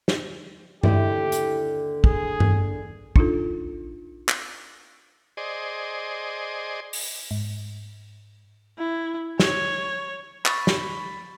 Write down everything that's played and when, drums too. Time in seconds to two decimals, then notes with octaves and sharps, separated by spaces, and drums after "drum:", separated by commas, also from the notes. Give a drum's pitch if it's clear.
0.08 drum: snare
0.83 D#2 D3 E4 G4, drum: tom G2
1.32 drum: hi-hat
2.04 G#4, drum: kick
2.40 drum: tom G2
3.16 D4 D#4 F4 A4, drum: kick
4.29 drum: clap
5.37 G#4 C5 D5 D#5
6.93 drum: open hi-hat
7.31 G#2
8.78 E4
9.40 C#5, drum: snare
10.46 B5 C#6 A6, drum: clap
10.67 drum: snare